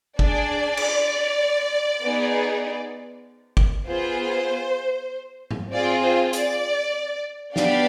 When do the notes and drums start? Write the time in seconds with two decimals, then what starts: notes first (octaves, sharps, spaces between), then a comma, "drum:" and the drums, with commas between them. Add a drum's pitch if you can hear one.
0.19 D4 G#4 D5, drum: kick
0.77 drum: cymbal
2.03 B3 D#4 G#4
3.57 drum: kick
3.87 B3 F4 G#4 C5
5.51 drum: tom G#2
5.71 C4 F4 G#4 D5
6.02 C5
6.33 D5, drum: hi-hat
7.56 B3 D4 G4 D5 F5, drum: snare